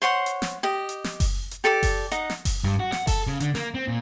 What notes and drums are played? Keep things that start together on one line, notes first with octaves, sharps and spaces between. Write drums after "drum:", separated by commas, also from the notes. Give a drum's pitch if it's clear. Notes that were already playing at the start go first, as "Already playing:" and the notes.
C5 C#5 F#5 C6
drum: hi-hat
drum: snare
G4 D#5
drum: hi-hat
drum: snare
drum: kick F#1, open hi-hat
drum: hi-hat
G4 A4 D5 D6
drum: kick F#1, open hi-hat
D#4 D#5 F#5, drum: hi-hat
drum: snare
drum: kick F#1, open hi-hat
G2
F#4
F#5, drum: snare
A4, drum: kick F#1, open hi-hat
C#3
D3, drum: hi-hat
A#3, drum: snare
C4
A#2